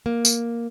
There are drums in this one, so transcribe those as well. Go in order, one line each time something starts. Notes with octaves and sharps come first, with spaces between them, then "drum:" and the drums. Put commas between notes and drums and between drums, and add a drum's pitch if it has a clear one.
A#3
drum: tambourine